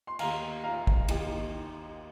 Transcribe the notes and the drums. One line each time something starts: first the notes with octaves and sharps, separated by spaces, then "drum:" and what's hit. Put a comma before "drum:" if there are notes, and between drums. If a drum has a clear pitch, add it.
C6
D#2 D#3 F5 A#5, drum: cymbal
F5 A#5
drum: kick
D#2 D#3, drum: cymbal